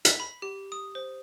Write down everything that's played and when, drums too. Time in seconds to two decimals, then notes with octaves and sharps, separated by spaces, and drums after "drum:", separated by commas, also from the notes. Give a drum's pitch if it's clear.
0.05 B6, drum: hi-hat
0.20 B5
0.42 G4
0.72 D#6
0.95 C5